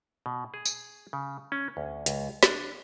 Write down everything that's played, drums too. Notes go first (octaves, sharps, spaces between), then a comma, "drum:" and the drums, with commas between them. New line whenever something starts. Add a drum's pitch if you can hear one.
B2
G#4
drum: tambourine
C#3
C#4
D2
C#2, drum: hi-hat
D4, drum: snare